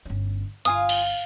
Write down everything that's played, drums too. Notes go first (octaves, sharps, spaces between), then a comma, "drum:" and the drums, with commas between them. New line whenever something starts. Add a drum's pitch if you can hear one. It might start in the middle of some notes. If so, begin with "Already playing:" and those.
G1 C#4
G1 F4 F5 G#5 D#6, drum: hi-hat
drum: cymbal